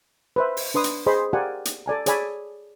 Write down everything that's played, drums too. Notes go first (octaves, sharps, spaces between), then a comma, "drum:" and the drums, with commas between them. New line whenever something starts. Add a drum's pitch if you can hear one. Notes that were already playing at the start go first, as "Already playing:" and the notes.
B4 C5 E5
drum: open hi-hat
D4 B4 C6 D#6
drum: hi-hat
G#4 C5 D#5 B5 C6
G4 A#4 D5 F5 F#5 G#5
drum: hi-hat
A4 D5 G#5 A#5
G#4 C#5 D5 G#5 B5 E6, drum: hi-hat